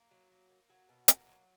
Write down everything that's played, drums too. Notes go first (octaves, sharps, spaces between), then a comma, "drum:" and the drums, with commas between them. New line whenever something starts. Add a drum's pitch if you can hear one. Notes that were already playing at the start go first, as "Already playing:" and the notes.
Already playing: A#3
F#3
A#3
A#3
F#3
B2
A#3, drum: hi-hat
F#3